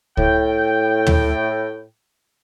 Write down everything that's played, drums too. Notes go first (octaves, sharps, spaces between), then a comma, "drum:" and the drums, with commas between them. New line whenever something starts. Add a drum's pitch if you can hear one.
A2 G5, drum: kick C#2
drum: tom